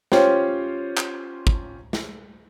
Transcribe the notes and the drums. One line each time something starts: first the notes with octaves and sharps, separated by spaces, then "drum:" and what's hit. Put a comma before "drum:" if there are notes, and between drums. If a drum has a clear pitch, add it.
C#4 F4 G4 C5 C#5 G5, drum: snare
drum: clap
drum: kick G#1
drum: snare